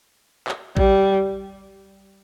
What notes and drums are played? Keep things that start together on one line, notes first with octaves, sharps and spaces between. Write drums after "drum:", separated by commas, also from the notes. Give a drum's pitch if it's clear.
drum: clap
G3, drum: kick A1